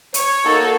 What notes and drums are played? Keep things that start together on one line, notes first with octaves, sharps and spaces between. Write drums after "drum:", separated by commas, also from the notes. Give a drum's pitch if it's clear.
C#5, drum: hi-hat
A#3 D#4 F#4 A4